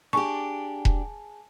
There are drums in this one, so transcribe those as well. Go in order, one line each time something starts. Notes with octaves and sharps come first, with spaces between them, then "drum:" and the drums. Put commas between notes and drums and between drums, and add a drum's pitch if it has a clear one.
D4 G4 G#4 G#5 A5 C#6
drum: kick E1